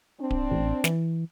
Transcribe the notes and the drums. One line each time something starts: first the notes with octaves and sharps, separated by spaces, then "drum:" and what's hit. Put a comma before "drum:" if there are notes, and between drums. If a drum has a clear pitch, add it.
C4 D4
drum: kick D1
A1
E3, drum: snare